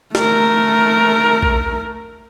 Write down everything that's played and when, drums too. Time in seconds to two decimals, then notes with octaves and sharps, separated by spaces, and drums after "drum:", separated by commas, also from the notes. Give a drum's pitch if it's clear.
0.15 A3 A#4, drum: snare
1.42 drum: kick